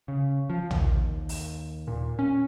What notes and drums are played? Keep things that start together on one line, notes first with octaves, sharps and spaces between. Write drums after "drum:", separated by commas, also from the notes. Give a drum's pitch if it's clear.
C#3
F3
D#2, drum: tom
drum: open hi-hat
A#2
C#4